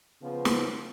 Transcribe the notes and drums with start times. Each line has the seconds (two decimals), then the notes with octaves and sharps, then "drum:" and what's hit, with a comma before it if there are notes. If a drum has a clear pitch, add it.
0.22 C#3 F3 B3
0.45 drum: snare